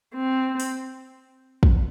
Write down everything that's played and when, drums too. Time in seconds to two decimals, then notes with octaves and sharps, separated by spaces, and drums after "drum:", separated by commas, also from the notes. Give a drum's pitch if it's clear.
0.15 C4
0.60 drum: open hi-hat
1.63 drum: kick